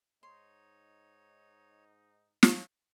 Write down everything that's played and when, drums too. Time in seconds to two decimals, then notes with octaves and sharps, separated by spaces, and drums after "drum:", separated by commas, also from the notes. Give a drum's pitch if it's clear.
0.23 G#2 D#4 C#5 C6
2.43 drum: snare